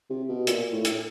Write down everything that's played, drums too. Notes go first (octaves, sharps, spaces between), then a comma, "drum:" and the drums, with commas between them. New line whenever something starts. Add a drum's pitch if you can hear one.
C3
B2
A#2, drum: hi-hat
A2
drum: hi-hat